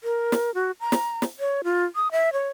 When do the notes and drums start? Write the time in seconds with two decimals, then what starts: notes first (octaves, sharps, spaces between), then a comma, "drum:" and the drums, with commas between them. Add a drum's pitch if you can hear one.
0.04 A#4
0.32 drum: snare
0.54 F#4
0.80 A#5
0.92 drum: snare
1.22 drum: snare
1.40 C#5
1.64 F4
1.95 D#6
2.12 E5
2.33 C#5